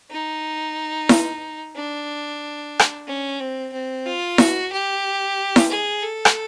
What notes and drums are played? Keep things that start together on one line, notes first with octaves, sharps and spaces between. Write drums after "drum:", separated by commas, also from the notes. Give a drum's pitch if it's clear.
D#4
drum: snare E4
D4
drum: rim click
C#4
C4
C4
F4
F#4, drum: snare E4
G4
drum: snare E4
G#4
A4
drum: rim click